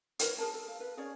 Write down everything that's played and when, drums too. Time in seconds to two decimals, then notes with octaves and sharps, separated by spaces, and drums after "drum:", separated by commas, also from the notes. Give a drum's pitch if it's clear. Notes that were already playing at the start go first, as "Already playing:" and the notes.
0.19 A#4 B4 C#5, drum: hi-hat
0.38 G#4 A#4 A5
0.54 A4
0.68 F5
0.80 B4
0.97 C#4 G#4 C#5 D5